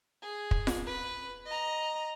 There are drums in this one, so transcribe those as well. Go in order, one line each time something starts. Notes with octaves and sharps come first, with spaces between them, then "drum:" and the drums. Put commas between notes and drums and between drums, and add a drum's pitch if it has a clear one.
G#4
drum: kick
drum: snare F4
B4
D#5 A#5